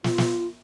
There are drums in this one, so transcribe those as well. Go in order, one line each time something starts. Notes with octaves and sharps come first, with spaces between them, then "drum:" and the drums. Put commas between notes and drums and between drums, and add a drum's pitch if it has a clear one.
F4, drum: snare
drum: snare